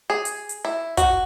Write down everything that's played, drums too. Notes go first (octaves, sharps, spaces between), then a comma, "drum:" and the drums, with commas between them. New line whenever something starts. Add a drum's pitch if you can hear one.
G#4
drum: hi-hat
drum: hi-hat
E4
F#4, drum: kick, hi-hat